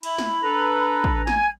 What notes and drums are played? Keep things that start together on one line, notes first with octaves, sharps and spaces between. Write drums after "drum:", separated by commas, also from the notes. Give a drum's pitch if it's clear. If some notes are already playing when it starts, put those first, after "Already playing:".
E4 B5, drum: cymbal
drum: snare
D4 A4 B4 A#5
drum: kick
G#5 G#6, drum: snare